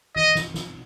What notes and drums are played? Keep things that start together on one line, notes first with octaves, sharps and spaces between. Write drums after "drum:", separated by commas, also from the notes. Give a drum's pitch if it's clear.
D#5, drum: tom E3
drum: snare
drum: snare